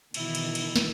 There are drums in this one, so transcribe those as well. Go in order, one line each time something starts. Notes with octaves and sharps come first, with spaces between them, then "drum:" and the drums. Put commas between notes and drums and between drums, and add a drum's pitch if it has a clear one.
B2 D#3 E3 E4, drum: cymbal
drum: cymbal
drum: cymbal
drum: snare